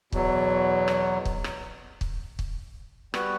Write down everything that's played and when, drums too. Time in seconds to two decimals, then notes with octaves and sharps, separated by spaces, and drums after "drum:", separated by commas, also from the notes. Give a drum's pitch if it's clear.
0.12 E2 B2 F#3, drum: kick
0.88 drum: rim click
1.25 drum: kick
1.44 drum: rim click
2.01 drum: kick
2.39 drum: kick
3.14 G3 B3 F#4 B4, drum: rim click